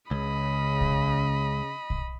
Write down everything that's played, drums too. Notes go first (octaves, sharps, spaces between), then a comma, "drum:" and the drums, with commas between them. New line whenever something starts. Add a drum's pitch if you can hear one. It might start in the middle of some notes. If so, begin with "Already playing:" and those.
C#2 C#3 D#5 B5
drum: kick
drum: kick